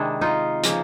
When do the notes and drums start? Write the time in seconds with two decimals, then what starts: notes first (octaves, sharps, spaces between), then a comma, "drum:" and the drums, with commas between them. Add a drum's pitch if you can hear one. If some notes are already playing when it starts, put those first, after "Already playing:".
Already playing: C3 D#3 G#3 D4 E4
0.21 D#4 F4
0.63 C#3 F3 A#3, drum: hi-hat